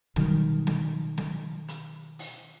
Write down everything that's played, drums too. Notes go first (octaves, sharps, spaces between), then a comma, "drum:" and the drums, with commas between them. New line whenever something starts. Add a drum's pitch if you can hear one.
B2 D#3 F#3 G3, drum: snare
drum: snare
drum: snare
drum: hi-hat
drum: open hi-hat